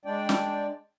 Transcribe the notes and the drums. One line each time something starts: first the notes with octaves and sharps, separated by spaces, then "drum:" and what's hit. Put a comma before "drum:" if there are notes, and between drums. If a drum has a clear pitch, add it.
G#3 D4 D5 G5
drum: snare